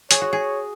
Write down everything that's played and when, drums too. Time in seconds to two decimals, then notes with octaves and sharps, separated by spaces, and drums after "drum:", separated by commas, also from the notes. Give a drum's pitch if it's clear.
0.11 G#4 C#5, drum: hi-hat
0.22 F#4
0.33 G#4